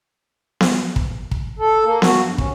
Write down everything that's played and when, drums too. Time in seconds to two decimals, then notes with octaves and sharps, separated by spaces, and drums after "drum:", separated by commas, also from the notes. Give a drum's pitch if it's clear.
0.61 drum: snare B3
0.96 drum: kick
1.31 drum: kick
1.59 A4
1.85 A#3
2.02 F#4, drum: snare B3
2.25 G2
2.38 C#4, drum: kick